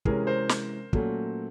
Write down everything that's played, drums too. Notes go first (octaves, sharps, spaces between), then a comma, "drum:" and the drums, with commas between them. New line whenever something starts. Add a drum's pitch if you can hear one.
C3 E3 G#3 C#4 G#4 A#4, drum: kick
A#4 C5
drum: snare
A#2 F#3 A3 C#4, drum: kick